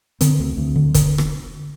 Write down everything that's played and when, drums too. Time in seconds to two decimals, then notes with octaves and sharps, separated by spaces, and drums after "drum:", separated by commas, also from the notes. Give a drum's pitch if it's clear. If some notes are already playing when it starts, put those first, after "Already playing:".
0.21 D3 C4, drum: hi-hat
0.39 D2
0.57 D2
0.76 D3
0.94 D3, drum: kick, hi-hat
1.18 drum: rim click